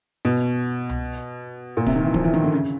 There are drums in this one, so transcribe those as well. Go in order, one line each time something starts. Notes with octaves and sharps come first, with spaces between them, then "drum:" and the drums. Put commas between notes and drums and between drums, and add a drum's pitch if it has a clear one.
B2
drum: tom C2
A#2
C3, drum: kick D1
D#3
E3
F3, drum: kick D1
E3
D#3
D3
C#3